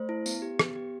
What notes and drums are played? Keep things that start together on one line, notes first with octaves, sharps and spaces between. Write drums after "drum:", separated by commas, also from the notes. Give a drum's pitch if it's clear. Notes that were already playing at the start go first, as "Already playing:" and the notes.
Already playing: A3 C5
E4
B3, drum: tambourine
G4
B3, drum: rim click
G4